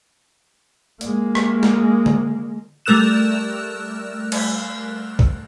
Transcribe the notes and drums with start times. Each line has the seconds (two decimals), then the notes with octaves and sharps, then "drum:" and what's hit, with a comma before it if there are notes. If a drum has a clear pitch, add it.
1.01 G#3 A#3, drum: hi-hat
1.35 drum: rim click
1.63 drum: snare
2.06 drum: tom D3
2.86 G3 A3 A#4 E6 F#6 E7
4.32 drum: cymbal
5.19 drum: kick